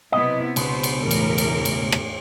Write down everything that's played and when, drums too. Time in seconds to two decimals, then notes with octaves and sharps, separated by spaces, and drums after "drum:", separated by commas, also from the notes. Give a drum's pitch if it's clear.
0.12 B1 C3 B3 E4 D#5
0.56 C#2 B2 B3 C5, drum: cymbal
0.83 drum: cymbal
1.01 E2 A2 A#4
1.11 drum: cymbal
1.38 drum: cymbal
1.65 drum: cymbal
1.92 drum: rim click